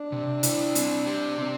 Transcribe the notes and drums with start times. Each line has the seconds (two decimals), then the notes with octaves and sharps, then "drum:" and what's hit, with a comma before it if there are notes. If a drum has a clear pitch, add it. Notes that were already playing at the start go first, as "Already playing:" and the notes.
Already playing: D4
0.12 C3
0.43 E4, drum: hi-hat
0.75 C4, drum: hi-hat
1.06 G4
1.38 C4